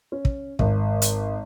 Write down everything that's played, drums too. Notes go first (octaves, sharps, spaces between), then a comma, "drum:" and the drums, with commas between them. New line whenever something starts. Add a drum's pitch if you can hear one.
C#4
drum: kick
G#1, drum: kick
drum: hi-hat